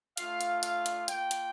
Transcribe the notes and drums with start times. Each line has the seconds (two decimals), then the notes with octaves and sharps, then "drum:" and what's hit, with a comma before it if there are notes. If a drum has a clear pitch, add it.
0.17 A3 D4 F4 F5, drum: hi-hat
0.41 drum: hi-hat
0.63 F5, drum: hi-hat
0.86 drum: hi-hat
1.08 A#3 F4 G5, drum: hi-hat
1.31 drum: hi-hat